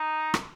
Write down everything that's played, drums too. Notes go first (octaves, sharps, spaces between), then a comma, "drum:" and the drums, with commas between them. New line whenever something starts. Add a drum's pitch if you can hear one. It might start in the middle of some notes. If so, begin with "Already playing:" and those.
Already playing: D#4
drum: rim click